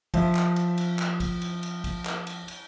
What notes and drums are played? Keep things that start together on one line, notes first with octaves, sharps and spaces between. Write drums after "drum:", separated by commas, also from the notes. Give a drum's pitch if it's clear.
F3 E5, drum: kick A1, cymbal
drum: clap
drum: cymbal
drum: cymbal
drum: clap
drum: kick A1, cymbal
drum: cymbal
drum: cymbal
drum: kick A1, cymbal
drum: clap
drum: cymbal
drum: cymbal